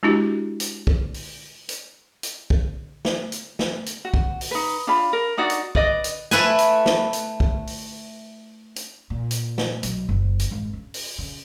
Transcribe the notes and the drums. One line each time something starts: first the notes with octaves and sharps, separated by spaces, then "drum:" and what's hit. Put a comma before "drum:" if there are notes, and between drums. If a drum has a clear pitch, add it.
G#3 D4 E4 F#4 G4
drum: hi-hat
drum: kick
drum: open hi-hat
drum: hi-hat
drum: hi-hat
drum: kick
drum: snare
drum: hi-hat
drum: snare
drum: hi-hat
F#4
drum: kick
drum: open hi-hat
D#4 B4
D4 F4 B5
A#4
D4 D#4 F#4 D5
drum: hi-hat
B4 D5 D#5, drum: kick
drum: hi-hat
A3 E4 B4 G#5, drum: snare
drum: hi-hat
drum: snare
drum: hi-hat
drum: kick
drum: open hi-hat
drum: hi-hat
A#2
drum: hi-hat
drum: snare
B1, drum: hi-hat
F#1
drum: hi-hat
G#1
C#3
drum: open hi-hat
C#3